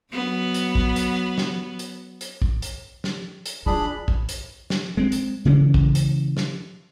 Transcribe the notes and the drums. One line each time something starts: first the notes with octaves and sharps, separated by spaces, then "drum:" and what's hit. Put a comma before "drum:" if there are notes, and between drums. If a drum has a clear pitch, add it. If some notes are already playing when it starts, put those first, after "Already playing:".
F#3 B3
drum: hi-hat
drum: kick
drum: hi-hat
drum: snare
drum: hi-hat
drum: hi-hat
drum: kick
drum: hi-hat
drum: snare
drum: hi-hat
D4 F4 G#4 B5
drum: kick
drum: hi-hat
drum: snare
G#3 C4
drum: hi-hat
C#3 E3 G#3 C#4
drum: kick
drum: hi-hat
drum: snare